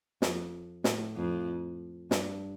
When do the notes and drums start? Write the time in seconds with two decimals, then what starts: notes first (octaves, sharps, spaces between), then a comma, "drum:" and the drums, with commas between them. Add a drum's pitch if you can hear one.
0.22 F2, drum: snare
0.84 A2, drum: snare
1.16 F2
2.11 G2, drum: snare